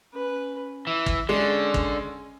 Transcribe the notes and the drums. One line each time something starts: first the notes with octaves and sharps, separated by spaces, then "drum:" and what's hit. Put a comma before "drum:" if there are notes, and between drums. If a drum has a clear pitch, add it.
C#4 B4
E3 E5
drum: kick
D3 G#3 C#4 D5
drum: kick